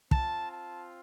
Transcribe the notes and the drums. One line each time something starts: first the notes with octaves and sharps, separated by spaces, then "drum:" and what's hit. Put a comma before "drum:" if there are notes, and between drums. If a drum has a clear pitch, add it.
C4 F4 A5, drum: kick
A5